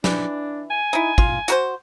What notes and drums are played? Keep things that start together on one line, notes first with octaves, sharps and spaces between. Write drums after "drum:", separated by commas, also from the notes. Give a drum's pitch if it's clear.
E3 D4, drum: snare
G#5
D#4 E4
F4, drum: kick
F#4 A#4 C5, drum: hi-hat